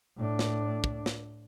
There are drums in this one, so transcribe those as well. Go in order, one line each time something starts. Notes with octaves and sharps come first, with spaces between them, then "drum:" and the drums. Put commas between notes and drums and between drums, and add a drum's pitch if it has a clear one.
A2 D4
drum: snare
drum: kick
drum: snare